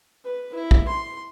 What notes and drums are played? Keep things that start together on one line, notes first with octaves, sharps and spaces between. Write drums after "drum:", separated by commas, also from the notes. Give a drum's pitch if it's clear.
B4
E4
drum: kick
C6